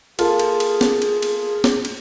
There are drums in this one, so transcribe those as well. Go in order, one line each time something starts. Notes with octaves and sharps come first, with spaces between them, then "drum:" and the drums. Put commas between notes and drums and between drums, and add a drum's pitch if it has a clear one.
A#3 F4 G#4 A4, drum: cymbal
drum: cymbal
drum: cymbal
drum: snare
drum: cymbal
drum: cymbal
drum: snare
drum: cymbal